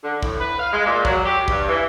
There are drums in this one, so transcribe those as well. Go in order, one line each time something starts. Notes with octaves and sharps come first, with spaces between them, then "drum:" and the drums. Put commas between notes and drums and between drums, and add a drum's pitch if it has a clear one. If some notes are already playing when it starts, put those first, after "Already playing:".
D3
A2, drum: kick
B4
F5
G#3
A#2
F#3, drum: kick
G4
G2, drum: kick
E3